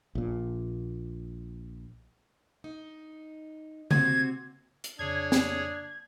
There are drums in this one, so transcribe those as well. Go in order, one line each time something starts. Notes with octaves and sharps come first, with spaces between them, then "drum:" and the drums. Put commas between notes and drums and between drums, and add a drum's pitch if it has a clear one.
A#1 A#2
D#4
C3 C4 F#4 G#6, drum: tom C#3
drum: hi-hat
F2 C#3 D4 G#4 C#5 G#6
drum: snare